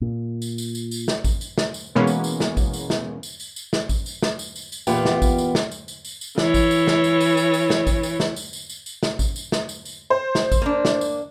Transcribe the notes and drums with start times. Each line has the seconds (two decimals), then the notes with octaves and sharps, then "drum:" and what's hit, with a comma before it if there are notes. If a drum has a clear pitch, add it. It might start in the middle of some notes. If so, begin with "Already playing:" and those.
0.01 A#2
0.42 drum: tambourine
0.58 drum: tambourine
0.75 drum: tambourine
0.91 drum: tambourine
1.08 drum: snare
1.24 drum: kick G#1, tambourine
1.41 drum: tambourine
1.58 drum: snare
1.74 drum: tambourine
1.95 B2 E3 G#3 A#3 B3 C#4
2.07 drum: tambourine
2.24 drum: tambourine
2.40 drum: snare
2.57 drum: kick G#1, tambourine
2.73 drum: tambourine
2.90 drum: snare
3.23 drum: tambourine
3.40 drum: tambourine
3.56 drum: tambourine
3.73 drum: snare
3.89 drum: kick G#1, tambourine
4.06 drum: tambourine
4.22 drum: snare
4.39 drum: tambourine
4.56 drum: tambourine
4.72 drum: tambourine
4.87 E2 A#2 B3 F4 G4, drum: tambourine
5.05 drum: snare
5.22 drum: kick G#1, tambourine
5.38 drum: tambourine
5.55 drum: snare
5.71 drum: tambourine
5.88 drum: tambourine
6.05 drum: tambourine
6.21 drum: tambourine
6.38 E3 C#5, drum: snare
6.54 drum: kick G#1, tambourine
6.71 drum: tambourine
6.87 drum: snare
7.04 drum: tambourine
7.20 drum: tambourine
7.37 drum: tambourine
7.54 drum: tambourine
7.70 drum: snare
7.87 drum: kick G#1, tambourine
8.03 drum: tambourine
8.20 drum: snare
8.36 drum: tambourine
8.53 drum: tambourine
8.69 drum: tambourine
8.86 drum: tambourine
9.03 drum: snare
9.19 drum: kick G#1, tambourine
9.36 drum: tambourine
9.52 drum: snare
9.69 drum: tambourine
9.85 drum: tambourine
10.10 C5
10.35 drum: snare
10.52 drum: kick G#1, tambourine
10.62 A#3 D4
10.85 drum: snare
11.01 drum: tambourine